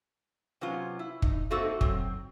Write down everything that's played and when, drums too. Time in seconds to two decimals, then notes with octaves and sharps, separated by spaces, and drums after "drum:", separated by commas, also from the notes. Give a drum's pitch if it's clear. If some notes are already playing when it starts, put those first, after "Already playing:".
0.61 C3 F#3 B3 C#4 F4
0.99 E4
1.22 D#4, drum: kick
1.50 A3 A#3 C4 D#4 F#4 A4
1.81 F#3 C4, drum: kick